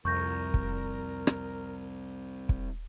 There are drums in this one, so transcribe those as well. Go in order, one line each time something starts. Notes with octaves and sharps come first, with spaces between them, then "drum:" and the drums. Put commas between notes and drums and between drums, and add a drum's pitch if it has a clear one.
C2 F2 A#4 C#6 G6 A#6
drum: kick
drum: rim click
drum: kick